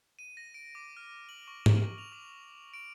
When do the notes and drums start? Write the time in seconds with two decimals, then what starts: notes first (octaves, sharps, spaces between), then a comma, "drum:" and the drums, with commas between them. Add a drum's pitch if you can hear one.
0.19 D#7
0.37 A#6
0.54 D7
0.75 D6
0.97 F6
1.29 F#7
1.48 C#6
1.66 C#6, drum: tom G#2
1.98 F7
2.12 D6
2.74 D7